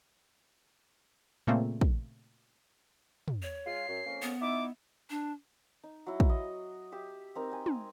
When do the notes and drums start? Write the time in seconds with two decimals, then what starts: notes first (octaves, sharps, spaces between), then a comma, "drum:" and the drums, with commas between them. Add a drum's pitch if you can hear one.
1.47 A#2 C#3 A3 A#3 C4
1.81 drum: kick
3.28 drum: tom
3.42 C#5
3.66 G#3 F4 C7
3.88 F#2
4.06 F2 A#3 C#4
4.22 B3
4.42 D#4 E4 E5 D6
5.10 D4
5.83 D#4
6.06 F#3 E4
6.20 drum: kick
6.29 D#5
6.92 G4 E5
7.35 C4 D#4 A#4
7.52 G5 G#5
7.66 drum: tom